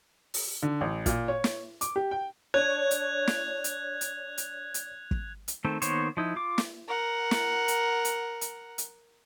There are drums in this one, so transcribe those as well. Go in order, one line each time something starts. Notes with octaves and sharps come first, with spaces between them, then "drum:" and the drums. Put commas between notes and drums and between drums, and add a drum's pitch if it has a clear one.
drum: open hi-hat
D3
A1
A#2, drum: kick, hi-hat
C#5
drum: snare
D6, drum: hi-hat
G4
G5
D4 C#5 F#6 G#6 F7
drum: hi-hat
drum: snare
drum: hi-hat
drum: hi-hat
drum: hi-hat
drum: hi-hat
drum: kick
drum: hi-hat
D#3 A3 C4
D#3 A#3 B3 C5 C#5, drum: hi-hat
F3 D#4 E4
F4 D6
drum: snare
A#4 F#5
drum: snare
drum: hi-hat
drum: hi-hat
drum: hi-hat
drum: hi-hat